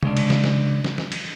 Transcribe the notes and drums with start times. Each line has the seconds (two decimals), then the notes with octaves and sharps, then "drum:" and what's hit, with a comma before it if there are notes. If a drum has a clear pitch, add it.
0.03 C#3 G#3 D4, drum: tom C3
0.17 drum: cymbal
0.30 drum: snare
0.44 drum: snare
0.85 drum: snare
0.98 drum: snare
1.12 drum: cymbal